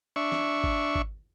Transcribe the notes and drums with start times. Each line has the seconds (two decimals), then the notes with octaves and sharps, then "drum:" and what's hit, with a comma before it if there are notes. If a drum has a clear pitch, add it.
0.16 D4 E5 C#6
0.32 drum: snare
0.64 drum: kick G#1
0.95 drum: kick G#1